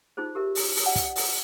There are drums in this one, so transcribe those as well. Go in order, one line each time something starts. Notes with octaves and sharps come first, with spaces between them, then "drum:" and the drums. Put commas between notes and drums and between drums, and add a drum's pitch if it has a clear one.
D#4 F4 G#4 C5
G4 A#4 E5
drum: open hi-hat
drum: open hi-hat
D5 F#5 G#5
drum: kick, hi-hat
drum: open hi-hat